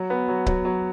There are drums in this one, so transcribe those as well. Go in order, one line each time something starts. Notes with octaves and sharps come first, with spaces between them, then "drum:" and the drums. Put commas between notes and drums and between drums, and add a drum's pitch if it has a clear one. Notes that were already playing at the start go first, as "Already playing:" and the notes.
Already playing: F#3 F#4
B3
F#3
F#3, drum: kick C#1
F#3